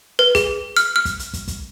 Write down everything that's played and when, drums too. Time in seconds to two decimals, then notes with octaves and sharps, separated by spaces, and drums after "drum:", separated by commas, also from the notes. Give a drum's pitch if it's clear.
0.19 B4
0.35 G#4, drum: kick, hi-hat
0.77 F6, drum: hi-hat
0.96 F6
1.05 drum: kick, hi-hat
1.19 drum: hi-hat
1.33 drum: kick, hi-hat
1.48 drum: kick, hi-hat